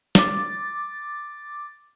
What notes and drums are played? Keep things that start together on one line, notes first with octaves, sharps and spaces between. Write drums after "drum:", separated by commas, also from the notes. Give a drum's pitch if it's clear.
D6 A6, drum: snare